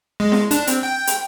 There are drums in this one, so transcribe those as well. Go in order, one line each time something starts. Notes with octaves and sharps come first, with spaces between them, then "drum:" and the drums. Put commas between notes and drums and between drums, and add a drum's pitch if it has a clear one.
G#3
drum: snare E4
D4, drum: hi-hat
C4, drum: hi-hat
G5
drum: hi-hat